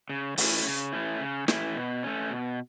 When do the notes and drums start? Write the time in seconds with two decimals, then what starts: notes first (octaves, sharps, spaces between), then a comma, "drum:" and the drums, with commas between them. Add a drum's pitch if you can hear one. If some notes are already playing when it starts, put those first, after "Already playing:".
0.10 C#3
0.38 E3 A3 C#4 E4, drum: open hi-hat
0.65 C#3
0.92 E3 A3 C#4 E4
1.20 C#3
1.48 E3 A3 C#4 E4, drum: snare
1.75 B2
2.03 A3 C#4
2.31 B2